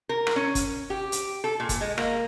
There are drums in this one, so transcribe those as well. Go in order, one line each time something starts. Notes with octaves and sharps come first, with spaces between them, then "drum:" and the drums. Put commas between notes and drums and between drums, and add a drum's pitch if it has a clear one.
A#4
drum: rim click
C#4
drum: kick, hi-hat
G4
drum: hi-hat
A4
A#2
drum: kick, hi-hat
G#3
A#3, drum: rim click